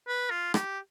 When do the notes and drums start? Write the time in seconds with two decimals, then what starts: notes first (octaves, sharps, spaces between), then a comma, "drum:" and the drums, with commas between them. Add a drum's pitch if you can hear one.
0.07 B4
0.30 F4
0.54 G4, drum: rim click